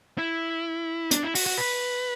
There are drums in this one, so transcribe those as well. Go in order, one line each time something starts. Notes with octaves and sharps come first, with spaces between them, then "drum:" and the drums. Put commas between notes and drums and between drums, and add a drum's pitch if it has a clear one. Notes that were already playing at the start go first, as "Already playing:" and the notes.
E4
D4, drum: hi-hat
E4
F#4, drum: open hi-hat
F#4
B4